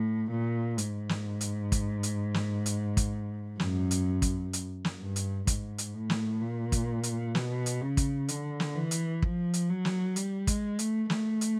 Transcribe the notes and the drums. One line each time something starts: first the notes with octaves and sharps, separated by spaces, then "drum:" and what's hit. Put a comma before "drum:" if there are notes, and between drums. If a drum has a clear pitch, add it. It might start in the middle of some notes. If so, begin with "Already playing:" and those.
Already playing: A2
A#2
G#2, drum: hi-hat
drum: snare
drum: hi-hat
drum: kick, hi-hat
drum: hi-hat
drum: snare
drum: hi-hat
drum: kick, hi-hat
F#2, drum: snare
drum: hi-hat
drum: kick, hi-hat
drum: hi-hat
drum: snare
G2
drum: hi-hat
G#2, drum: kick, hi-hat
drum: hi-hat
A2
drum: snare
A#2
drum: kick, hi-hat
drum: hi-hat
B2, drum: snare
drum: hi-hat
C#3
drum: kick, hi-hat
D3, drum: hi-hat
drum: snare
E3
drum: hi-hat
F3, drum: kick
drum: hi-hat
F#3
drum: snare
G3, drum: hi-hat
G#3, drum: kick, hi-hat
A3, drum: hi-hat
A3, drum: snare
drum: hi-hat